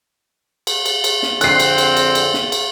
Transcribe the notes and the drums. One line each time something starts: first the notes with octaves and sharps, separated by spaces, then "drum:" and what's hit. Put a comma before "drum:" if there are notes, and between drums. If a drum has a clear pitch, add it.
drum: cymbal
drum: cymbal
drum: cymbal
drum: snare
F2 D3 C4 F#6 C7, drum: cymbal
drum: cymbal
drum: cymbal
drum: cymbal
drum: cymbal
drum: snare
drum: cymbal